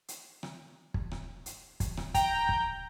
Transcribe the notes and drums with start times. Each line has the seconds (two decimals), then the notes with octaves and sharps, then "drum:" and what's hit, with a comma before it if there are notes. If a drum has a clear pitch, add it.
0.08 drum: hi-hat
0.43 drum: rim click
0.94 drum: kick
1.11 drum: rim click
1.46 drum: hi-hat
1.80 drum: kick, hi-hat
1.97 drum: rim click
2.14 G5 A#5, drum: kick, hi-hat
2.49 drum: kick